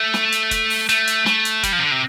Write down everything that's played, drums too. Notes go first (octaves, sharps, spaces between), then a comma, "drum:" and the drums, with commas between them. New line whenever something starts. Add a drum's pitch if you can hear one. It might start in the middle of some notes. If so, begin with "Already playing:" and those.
Already playing: A3
drum: snare
drum: hi-hat
drum: kick, hi-hat
drum: open hi-hat
A3, drum: hi-hat
drum: hi-hat
A3, drum: snare
drum: hi-hat
G3, drum: kick, hi-hat
F3
C3
D3
C3